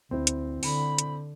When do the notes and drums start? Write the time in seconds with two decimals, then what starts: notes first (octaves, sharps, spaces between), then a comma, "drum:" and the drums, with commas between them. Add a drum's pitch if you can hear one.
0.11 D2 C4 E4
0.27 drum: hi-hat
0.63 D3 B5, drum: open hi-hat
0.98 drum: hi-hat